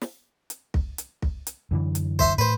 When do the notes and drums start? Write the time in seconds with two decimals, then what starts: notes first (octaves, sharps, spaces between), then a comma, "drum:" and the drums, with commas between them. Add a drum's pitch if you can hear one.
0.02 drum: snare
0.50 drum: hi-hat
0.74 drum: kick
0.98 drum: hi-hat
1.22 drum: kick
1.47 drum: hi-hat
1.71 F#2 D3 E3
1.95 drum: hi-hat
2.19 C5 E5 C6, drum: kick
2.38 A2 B4 C5